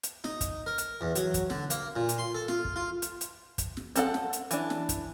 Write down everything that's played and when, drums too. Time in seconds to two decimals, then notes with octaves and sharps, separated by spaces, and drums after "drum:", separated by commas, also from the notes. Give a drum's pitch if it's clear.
0.03 drum: hi-hat
0.24 D#4, drum: snare
0.41 drum: kick, hi-hat
0.66 A#4
0.78 drum: hi-hat
1.01 E2
1.15 F#3, drum: hi-hat
1.34 drum: kick, hi-hat
1.50 D3, drum: snare
1.70 A#3, drum: hi-hat
1.96 A#2
2.09 drum: hi-hat
2.18 C6
2.35 A4
2.48 F4, drum: snare
2.65 drum: kick
2.76 F4
3.02 drum: hi-hat
3.21 drum: hi-hat
3.58 drum: kick, hi-hat
3.77 drum: snare
3.96 C4 A4 F#5, drum: hi-hat
4.14 drum: snare
4.33 drum: hi-hat
4.51 E3 D4, drum: hi-hat
4.70 drum: snare
4.89 drum: kick, hi-hat